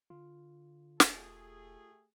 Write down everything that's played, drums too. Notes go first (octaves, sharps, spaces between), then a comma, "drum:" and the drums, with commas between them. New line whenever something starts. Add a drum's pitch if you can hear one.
D3 F4
E1 A3 G4 G#4, drum: snare